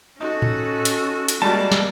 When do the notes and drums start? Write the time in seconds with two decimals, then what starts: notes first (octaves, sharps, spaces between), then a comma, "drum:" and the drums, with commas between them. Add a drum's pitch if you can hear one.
0.21 C#4 D#4 F#4 A4
0.42 drum: tom A2
0.85 drum: hi-hat
1.28 drum: hi-hat
1.42 G3 G#3 A#3 F#4 D5 A5
1.72 drum: snare